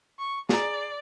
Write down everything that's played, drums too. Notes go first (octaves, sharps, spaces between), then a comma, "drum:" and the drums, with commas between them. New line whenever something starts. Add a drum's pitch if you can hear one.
C#6
G#4 D5 A#5, drum: snare